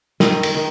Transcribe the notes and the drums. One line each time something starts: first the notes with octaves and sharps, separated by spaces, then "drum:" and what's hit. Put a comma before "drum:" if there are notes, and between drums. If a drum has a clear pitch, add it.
D#3, drum: snare
drum: cymbal
D#3